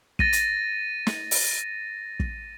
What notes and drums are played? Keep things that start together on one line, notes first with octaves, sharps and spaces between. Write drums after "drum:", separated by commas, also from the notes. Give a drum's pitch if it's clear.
A6 A#6 D#7, drum: kick
drum: hi-hat
drum: snare
drum: open hi-hat
drum: kick